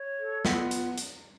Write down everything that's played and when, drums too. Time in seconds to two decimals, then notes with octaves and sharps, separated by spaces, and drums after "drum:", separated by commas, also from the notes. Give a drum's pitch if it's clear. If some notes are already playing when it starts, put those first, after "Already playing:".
Already playing: C#5
0.18 A4
0.45 B3 F4, drum: snare
0.71 drum: hi-hat
0.98 drum: hi-hat